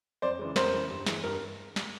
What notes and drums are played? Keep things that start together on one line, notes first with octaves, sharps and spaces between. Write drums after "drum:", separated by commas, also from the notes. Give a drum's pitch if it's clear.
F2 C5 D5
C#3 E3 G#3
F2 A#4 C5, drum: snare
C#3 E3 G#3
G2
E3 G#3, drum: snare
G2 A#4
drum: snare